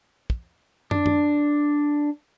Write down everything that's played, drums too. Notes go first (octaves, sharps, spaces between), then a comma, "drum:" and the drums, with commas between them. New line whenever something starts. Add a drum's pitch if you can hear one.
drum: kick
D4, drum: tom
drum: tom